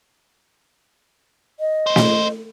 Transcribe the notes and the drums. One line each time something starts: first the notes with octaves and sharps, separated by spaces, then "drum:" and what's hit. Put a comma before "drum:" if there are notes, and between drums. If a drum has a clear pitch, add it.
D#5
A3 C5
drum: snare